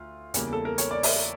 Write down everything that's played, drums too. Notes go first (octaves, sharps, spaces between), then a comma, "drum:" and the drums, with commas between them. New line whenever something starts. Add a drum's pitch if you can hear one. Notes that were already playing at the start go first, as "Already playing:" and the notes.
Already playing: D2 F4
E2 C#3 G3 A#3, drum: hi-hat
A4
A#4
C#5, drum: hi-hat
D5
E5, drum: open hi-hat